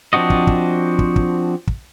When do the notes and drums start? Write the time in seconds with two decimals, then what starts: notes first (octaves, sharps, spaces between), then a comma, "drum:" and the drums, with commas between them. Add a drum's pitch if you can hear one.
0.13 F3 C4 D4 F#4 D#5
0.30 drum: kick
0.47 drum: kick
0.99 drum: kick
1.16 drum: kick
1.67 drum: kick